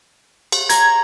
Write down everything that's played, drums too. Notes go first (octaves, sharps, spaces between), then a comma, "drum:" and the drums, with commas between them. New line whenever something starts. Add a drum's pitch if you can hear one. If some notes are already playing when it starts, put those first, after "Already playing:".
drum: cymbal
A#5 G#6, drum: hi-hat